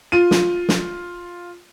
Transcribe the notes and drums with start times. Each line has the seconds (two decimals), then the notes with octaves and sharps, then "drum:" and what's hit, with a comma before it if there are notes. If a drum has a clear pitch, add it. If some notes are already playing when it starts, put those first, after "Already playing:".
0.12 F4 D#7
0.31 drum: snare
0.69 drum: snare